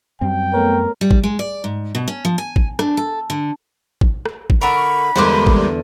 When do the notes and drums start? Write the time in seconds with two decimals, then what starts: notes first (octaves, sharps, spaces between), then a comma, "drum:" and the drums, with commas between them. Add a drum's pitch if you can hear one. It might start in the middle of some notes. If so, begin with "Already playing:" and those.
0.21 F#2 G3 C4 G5
0.54 A3 B3 A#4 C#5
1.01 G3
1.11 drum: kick
1.24 G#3
1.39 D5
1.64 G#2
1.95 B2
2.08 C#4
2.25 F3
2.38 G#5
2.56 drum: kick
2.79 D4, drum: rim click
2.97 A4
3.30 D3
4.01 drum: kick
4.26 drum: rim click
4.50 drum: kick
4.61 D3 A#4 B5 C#6
5.16 E2 D3 G3 G#3 A#3 B4 C5
5.47 drum: kick